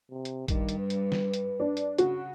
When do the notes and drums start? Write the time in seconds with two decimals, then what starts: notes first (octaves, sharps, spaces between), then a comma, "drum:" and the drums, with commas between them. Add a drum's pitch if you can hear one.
0.11 C3
0.25 drum: hi-hat
0.48 G2 D#3, drum: kick A1, hi-hat
0.69 drum: hi-hat
0.79 B4
0.90 drum: hi-hat
1.12 drum: snare
1.34 drum: hi-hat
1.60 D4
1.77 drum: hi-hat
1.98 C#3 F#4, drum: hi-hat